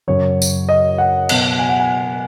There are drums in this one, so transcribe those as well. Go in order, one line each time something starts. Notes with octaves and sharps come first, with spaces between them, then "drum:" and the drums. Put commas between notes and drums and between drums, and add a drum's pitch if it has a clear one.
F#2 C#3 F#3 C#5
drum: tambourine
D#5
F#5
B2 F#3 B3, drum: cymbal
G#5
F#5
G#5